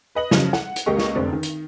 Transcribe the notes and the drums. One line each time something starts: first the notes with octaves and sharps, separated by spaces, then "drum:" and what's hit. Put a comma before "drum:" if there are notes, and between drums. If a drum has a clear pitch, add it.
B4 D#5 F#7
C#3 F3 F#3, drum: snare
F#5, drum: snare
drum: hi-hat
C#2 A#3 G4 D#5 C#6
drum: snare
F1 D3 C4 D4
D#3
drum: hi-hat